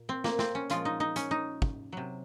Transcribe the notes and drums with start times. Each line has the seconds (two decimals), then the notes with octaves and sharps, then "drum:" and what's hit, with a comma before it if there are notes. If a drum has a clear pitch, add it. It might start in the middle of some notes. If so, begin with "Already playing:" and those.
Already playing: A#2
0.09 C4
0.24 A#3, drum: snare
0.39 C4, drum: snare
0.55 C#4
0.70 A#2 F3 G#3 F4, drum: hi-hat
0.85 D#4
1.00 D#4
1.16 C#4, drum: hi-hat
1.31 D#4
1.62 drum: kick
1.93 C3 F#3